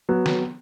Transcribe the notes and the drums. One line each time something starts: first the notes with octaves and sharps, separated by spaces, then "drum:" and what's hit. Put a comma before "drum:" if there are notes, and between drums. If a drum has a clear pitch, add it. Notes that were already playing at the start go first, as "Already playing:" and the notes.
F#3 B3
drum: snare